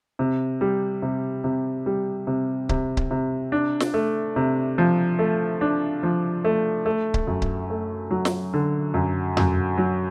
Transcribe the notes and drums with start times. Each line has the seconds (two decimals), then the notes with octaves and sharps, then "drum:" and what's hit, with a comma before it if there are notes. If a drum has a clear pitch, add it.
0.19 C3
0.61 G3
1.02 C3
1.44 C3
1.86 G3
2.27 C3
2.69 C3, drum: kick C#1
2.97 drum: kick C#1
3.11 C3
3.52 D4
3.80 drum: snare
3.94 A3
4.36 C3
4.78 F3
5.19 A3
5.61 D4
6.03 F3
6.45 A3
6.86 A3
7.14 drum: kick C#1
7.27 F#2
7.42 drum: kick C#1
7.70 A3
8.11 F#3
8.25 drum: snare
8.54 D3
8.94 F#2
9.37 F#2, drum: tom F2
9.78 F#3